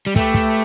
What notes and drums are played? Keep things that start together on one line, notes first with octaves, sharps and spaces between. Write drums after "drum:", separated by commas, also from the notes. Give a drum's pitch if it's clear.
G3
A3 G4 B4 E5 G5, drum: kick, hi-hat
drum: kick, hi-hat